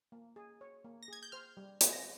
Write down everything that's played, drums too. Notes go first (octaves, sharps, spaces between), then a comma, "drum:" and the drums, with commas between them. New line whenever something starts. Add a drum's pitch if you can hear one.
A#3
G#4
C#5
A#3
A#6
G#4 G#6
G6
C5 F6
G3
G#4, drum: hi-hat
A#6